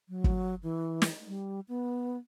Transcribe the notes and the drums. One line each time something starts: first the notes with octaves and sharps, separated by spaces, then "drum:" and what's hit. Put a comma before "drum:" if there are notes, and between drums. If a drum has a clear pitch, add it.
F#3
drum: kick
E3
drum: snare
G3
B3